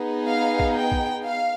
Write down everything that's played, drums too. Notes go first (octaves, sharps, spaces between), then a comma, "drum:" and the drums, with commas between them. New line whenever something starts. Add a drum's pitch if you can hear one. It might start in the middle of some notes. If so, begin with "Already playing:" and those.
Already playing: B3 D#4 G#4
F5
drum: kick A1
G5
drum: kick A1
F5